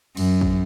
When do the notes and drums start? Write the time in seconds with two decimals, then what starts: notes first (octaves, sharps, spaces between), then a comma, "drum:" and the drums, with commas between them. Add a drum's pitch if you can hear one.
0.17 F#2, drum: cymbal
0.41 drum: kick